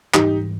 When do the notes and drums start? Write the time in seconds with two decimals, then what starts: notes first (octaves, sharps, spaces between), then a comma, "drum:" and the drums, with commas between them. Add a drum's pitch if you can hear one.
0.14 G#2 E3 G3 D#4 G4, drum: clap